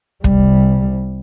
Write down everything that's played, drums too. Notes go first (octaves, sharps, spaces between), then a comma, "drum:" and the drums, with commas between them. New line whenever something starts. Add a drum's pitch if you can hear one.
C2 G3, drum: kick